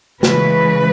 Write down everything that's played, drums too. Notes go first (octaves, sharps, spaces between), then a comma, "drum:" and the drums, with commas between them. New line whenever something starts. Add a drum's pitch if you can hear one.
C#3 E3 G#3 B4, drum: snare